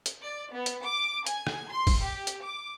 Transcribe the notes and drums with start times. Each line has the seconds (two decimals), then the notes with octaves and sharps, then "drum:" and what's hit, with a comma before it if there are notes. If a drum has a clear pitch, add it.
0.06 drum: hi-hat
0.21 D5
0.52 B3
0.66 drum: hi-hat
0.83 D6
1.26 G#5, drum: hi-hat
1.47 drum: rim click
1.70 C6
1.87 drum: kick A1, open hi-hat
2.02 G4
2.27 drum: hi-hat
2.43 D6